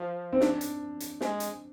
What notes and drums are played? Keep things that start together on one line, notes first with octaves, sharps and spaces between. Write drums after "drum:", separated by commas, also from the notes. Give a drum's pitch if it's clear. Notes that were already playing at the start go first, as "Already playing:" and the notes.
Already playing: F3
C4
D4, drum: snare
drum: hi-hat
drum: hi-hat
G#3, drum: snare
drum: hi-hat